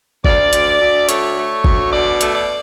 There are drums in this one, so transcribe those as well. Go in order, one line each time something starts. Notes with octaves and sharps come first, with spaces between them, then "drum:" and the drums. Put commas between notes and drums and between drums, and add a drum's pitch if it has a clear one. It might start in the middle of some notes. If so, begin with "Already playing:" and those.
D2 D5, drum: kick G1
D2, drum: hi-hat
D2
A3 C#5, drum: hi-hat
A3
D2, drum: kick G1
B2 D5
A3, drum: hi-hat
D5